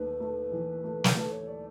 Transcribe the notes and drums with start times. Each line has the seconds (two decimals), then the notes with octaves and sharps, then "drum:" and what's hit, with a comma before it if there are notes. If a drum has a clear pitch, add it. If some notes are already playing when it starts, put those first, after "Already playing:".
Already playing: D#2 A3 B4
0.20 A3
0.52 E3
0.84 A3
1.04 drum: snare
1.16 A3 B4
1.32 C#5
1.48 D5